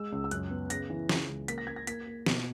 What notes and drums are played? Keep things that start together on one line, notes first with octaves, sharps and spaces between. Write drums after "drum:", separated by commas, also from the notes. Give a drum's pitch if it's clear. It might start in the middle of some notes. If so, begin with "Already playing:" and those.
Already playing: G#3 E6
C#2
E6
F#2 F#6, drum: hi-hat
B3
C#3 A#6, drum: hi-hat
E3
C#3, drum: snare
C#2
A#3 B6, drum: hi-hat
A#6
A#3 G#6
A#6
A#3 B6, drum: hi-hat
A#3
B2, drum: snare